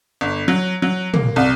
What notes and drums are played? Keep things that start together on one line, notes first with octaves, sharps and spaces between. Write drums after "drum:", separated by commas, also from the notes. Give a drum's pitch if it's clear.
G1
F#3
F#3
A#3, drum: tom
C2